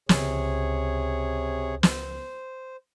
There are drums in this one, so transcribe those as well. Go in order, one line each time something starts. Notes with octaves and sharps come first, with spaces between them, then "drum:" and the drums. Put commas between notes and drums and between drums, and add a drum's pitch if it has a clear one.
C#2 C3 G#4 C#5, drum: snare
C5, drum: snare